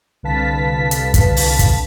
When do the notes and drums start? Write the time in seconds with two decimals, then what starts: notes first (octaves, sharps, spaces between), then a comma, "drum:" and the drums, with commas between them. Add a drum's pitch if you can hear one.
0.23 C2 D3 B4 F5 A5 B6
0.91 drum: hi-hat
1.14 drum: kick, hi-hat
1.36 drum: open hi-hat
1.59 drum: kick, hi-hat